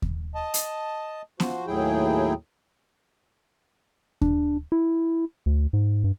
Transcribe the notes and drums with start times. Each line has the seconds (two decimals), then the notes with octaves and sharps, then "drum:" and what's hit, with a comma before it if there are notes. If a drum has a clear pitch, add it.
0.02 drum: kick D#2
0.35 D#5 A5
0.54 drum: hi-hat
1.40 F3 F#4 C5, drum: snare B3
1.67 D#2 A2 F#3 E4 G#4 G5
4.21 D4, drum: kick D#2
4.72 E4
5.46 D2
5.73 G#2
6.04 G2